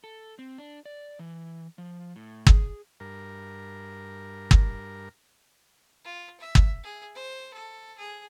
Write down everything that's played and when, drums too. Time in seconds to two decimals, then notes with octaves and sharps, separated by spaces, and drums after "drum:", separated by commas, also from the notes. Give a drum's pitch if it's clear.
0.04 A4
0.39 C4
0.58 D4
0.86 D5
1.19 E3
1.78 F3
2.16 A2
2.47 G#4, drum: kick
3.00 G2 A#4
4.51 drum: kick
6.04 F4
6.40 E5
6.55 drum: kick
6.83 G#4
7.15 C5
7.53 A4
7.97 G#4